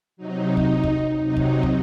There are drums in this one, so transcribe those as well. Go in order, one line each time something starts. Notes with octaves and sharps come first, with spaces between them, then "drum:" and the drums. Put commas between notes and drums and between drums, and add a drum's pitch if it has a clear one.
C3 F#3 D#4
drum: kick
drum: kick
C3 F#3 D#4
drum: kick
drum: kick